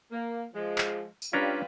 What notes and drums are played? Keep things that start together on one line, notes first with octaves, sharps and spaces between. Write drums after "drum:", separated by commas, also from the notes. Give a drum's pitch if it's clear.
A#3
F3 G#3
drum: clap
drum: tambourine
G3 C#4 D4 F4 B4 A#5